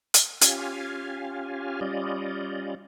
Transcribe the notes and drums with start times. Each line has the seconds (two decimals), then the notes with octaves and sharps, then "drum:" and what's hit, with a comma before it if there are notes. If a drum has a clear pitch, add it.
0.14 drum: hi-hat
0.41 C#4 F4 G4 F5 G#5, drum: hi-hat
1.81 G3 C#4 F4 D5 D#5